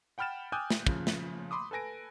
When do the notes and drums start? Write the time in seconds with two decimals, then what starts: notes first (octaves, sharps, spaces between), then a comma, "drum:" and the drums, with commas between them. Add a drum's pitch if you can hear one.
0.18 F#5 G5 B5 F6 A6 E7
0.52 G5 G#5 D6 D#6 F#6 G6
0.70 drum: snare
0.87 C#3 F3, drum: kick
1.07 drum: snare
1.51 B5 C6 D6 D#6
1.71 A4 B4 G#5 A#6 D7